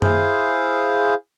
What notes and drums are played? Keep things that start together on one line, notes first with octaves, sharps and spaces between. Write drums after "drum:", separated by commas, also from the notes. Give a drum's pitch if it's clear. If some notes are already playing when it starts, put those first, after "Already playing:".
E4 G#4 C5 F5, drum: tom